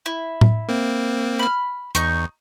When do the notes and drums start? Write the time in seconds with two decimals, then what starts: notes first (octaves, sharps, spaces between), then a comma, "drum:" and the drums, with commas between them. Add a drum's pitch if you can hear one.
0.06 E4
0.41 drum: tom A2
0.69 A#3 C4
1.39 B5 F6
1.95 E2 D#4 C#6, drum: hi-hat